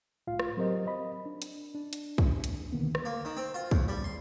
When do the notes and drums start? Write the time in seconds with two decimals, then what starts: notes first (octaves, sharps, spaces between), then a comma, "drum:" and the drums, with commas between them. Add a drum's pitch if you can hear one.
0.27 C2 A2 F4 F5
0.39 drum: rim click
0.57 F#3 C4 G4 A#4 C5 D#5
0.87 D#5 B5
1.26 D4
1.42 drum: hi-hat
1.75 D4
1.93 drum: hi-hat
2.18 drum: kick
2.44 drum: hi-hat
2.72 B2 D3 D#3 A#3 B3
2.95 drum: rim click
3.05 A#3
3.25 D#3
3.37 C4
3.54 F4
3.71 D#2, drum: kick
3.88 G3
4.04 C6